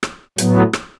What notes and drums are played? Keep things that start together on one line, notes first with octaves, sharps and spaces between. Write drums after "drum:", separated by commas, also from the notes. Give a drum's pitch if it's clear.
drum: rim click
A2 F#3 B3, drum: hi-hat
drum: rim click